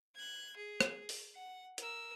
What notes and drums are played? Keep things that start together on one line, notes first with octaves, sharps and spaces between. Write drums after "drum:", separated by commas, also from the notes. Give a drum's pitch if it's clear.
F#6 G#6
G#4
drum: rim click
drum: open hi-hat
F#5
A#4 E6, drum: hi-hat